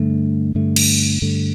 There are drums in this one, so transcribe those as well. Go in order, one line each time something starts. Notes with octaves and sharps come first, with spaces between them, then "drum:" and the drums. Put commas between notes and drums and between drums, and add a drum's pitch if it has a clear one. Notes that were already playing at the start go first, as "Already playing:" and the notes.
Already playing: G2 D3 A3
G2 D3 A3
drum: cymbal
G2 D3 A3